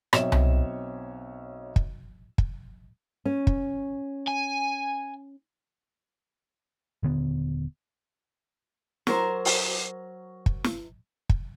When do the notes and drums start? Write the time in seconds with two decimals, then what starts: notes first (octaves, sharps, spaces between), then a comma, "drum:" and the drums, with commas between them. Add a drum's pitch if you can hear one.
0.13 B1 C4 C#5 E5 E7, drum: rim click
0.32 drum: tom C2
1.76 drum: kick
2.38 drum: kick
3.25 C#4
3.47 drum: kick
4.27 G#5
7.03 D#1 D3 B3
9.07 F#3 A#4 C5, drum: snare
9.45 drum: open hi-hat
10.46 drum: kick
10.64 drum: snare
11.29 drum: kick